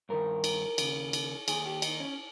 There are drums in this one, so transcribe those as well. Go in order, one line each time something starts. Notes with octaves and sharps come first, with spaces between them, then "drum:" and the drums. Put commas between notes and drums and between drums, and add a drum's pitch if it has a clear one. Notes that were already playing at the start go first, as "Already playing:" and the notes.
G2 D#3 A#4
drum: cymbal
D#2 C#3, drum: cymbal
drum: cymbal
D#2 D#3 G#4, drum: cymbal
G4
D#4, drum: cymbal
C#4